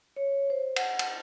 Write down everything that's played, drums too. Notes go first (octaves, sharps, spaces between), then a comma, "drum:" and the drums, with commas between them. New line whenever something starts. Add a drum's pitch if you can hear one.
C#5
C5
F#5, drum: cymbal
drum: cymbal